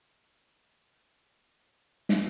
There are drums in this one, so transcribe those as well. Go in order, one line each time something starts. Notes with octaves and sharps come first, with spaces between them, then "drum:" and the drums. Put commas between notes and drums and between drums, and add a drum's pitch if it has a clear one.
E3
G#3
E3
F#3
E3
F#3
E3
G#3
F#3
drum: snare